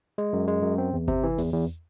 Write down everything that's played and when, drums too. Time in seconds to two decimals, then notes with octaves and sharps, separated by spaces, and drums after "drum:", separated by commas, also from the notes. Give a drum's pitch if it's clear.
0.18 G#3, drum: hi-hat
0.33 F#2
0.48 G#3, drum: hi-hat
0.63 F#2
0.78 C4
0.93 E2
1.08 C3, drum: kick G1, hi-hat
1.23 E3
1.38 E2, drum: open hi-hat
1.53 E2